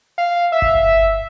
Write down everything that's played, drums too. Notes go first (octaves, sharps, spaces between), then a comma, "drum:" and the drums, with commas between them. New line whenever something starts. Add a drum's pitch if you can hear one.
F5
E5
drum: kick G1